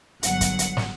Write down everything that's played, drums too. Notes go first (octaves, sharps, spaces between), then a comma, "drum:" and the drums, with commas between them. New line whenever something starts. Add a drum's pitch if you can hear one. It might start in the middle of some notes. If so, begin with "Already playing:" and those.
G1 F#3 F#5, drum: hi-hat
drum: kick, hi-hat
drum: hi-hat
drum: snare